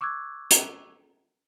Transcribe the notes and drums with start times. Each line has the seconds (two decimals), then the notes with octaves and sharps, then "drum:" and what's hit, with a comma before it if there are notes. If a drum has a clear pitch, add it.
0.01 C#6 D6 E6 F#6 G#6
0.51 drum: hi-hat